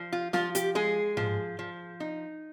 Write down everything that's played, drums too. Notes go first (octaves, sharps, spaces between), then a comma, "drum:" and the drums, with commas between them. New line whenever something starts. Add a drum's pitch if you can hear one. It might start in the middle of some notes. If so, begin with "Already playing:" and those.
Already playing: F3
F4
F3 F4, drum: snare
G4, drum: hi-hat
G#3 G#4
F3, drum: tom G#2
F3
D#4